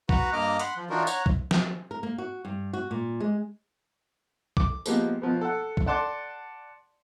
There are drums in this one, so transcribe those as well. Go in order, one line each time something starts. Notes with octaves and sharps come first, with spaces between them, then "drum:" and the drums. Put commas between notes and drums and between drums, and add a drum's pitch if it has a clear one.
F#4 B4 F#5 A#5, drum: kick
G2 A#3 D#5 A#5 D6 F6
F#5 B5 C6, drum: hi-hat
F3
E3 D4 D#4 F4 F#4 A#4
C#5 F#5 A#5, drum: tambourine
drum: kick
drum: snare
A#4
A#3
F#4
G2
F#4
A#2
G#3
D6, drum: kick
F3 G#3 A#3 B3 G4, drum: tambourine
B2 F3 B3
A4 F#5
drum: kick
D5 F#5 A5 C6 D6